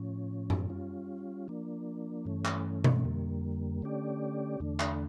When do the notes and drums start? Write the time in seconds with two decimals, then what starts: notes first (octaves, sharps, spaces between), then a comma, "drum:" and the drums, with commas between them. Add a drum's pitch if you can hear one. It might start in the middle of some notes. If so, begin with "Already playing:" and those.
Already playing: A2 F3 C#4
0.50 drum: tom F#2
0.70 G3 C#4 F4
1.48 F3 A#3 D4
2.25 G2 E3 A3 C#4
2.45 drum: clap
2.84 drum: tom B2
3.04 F2 D3 G3 A#3
3.82 D3 A3 C#4 G4 D5
4.60 E2 D3 A3 D4
4.80 drum: clap